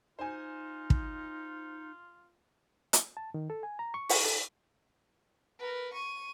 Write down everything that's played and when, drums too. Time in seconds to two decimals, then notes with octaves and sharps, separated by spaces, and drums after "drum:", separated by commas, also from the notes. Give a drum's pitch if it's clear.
0.19 D#4 F4 C5 G#5
0.90 drum: kick
2.93 drum: hi-hat
3.17 A5
3.34 D#3
3.50 A4
3.63 G#5
3.79 A#5
3.94 C#6
4.09 C#6, drum: open hi-hat
4.25 A4
5.59 A#4 B4
5.93 C#6 D#7